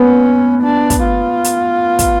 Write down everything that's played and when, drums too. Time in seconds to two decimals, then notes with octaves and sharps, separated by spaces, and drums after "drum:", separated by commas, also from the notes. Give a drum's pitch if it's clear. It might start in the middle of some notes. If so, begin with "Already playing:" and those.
Already playing: B3 C#4
0.63 D4
0.90 drum: kick, hi-hat
1.03 F4
1.44 drum: hi-hat
1.99 drum: kick, hi-hat